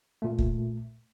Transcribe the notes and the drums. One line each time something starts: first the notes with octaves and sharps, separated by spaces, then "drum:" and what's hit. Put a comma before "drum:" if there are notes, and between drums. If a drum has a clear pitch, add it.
A#2 A3
drum: kick